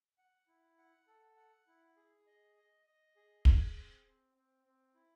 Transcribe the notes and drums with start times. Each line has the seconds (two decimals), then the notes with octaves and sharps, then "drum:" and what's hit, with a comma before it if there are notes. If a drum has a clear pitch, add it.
0.18 F#5
0.47 E4
0.78 F#5
1.07 A4
1.37 F#5
1.67 E4
1.97 G#4
2.27 D#5
2.56 D#5
2.86 D#5
3.16 G#4
3.45 G#4, drum: kick
3.75 C4
4.05 C4
4.35 C4
4.65 C4
4.94 E4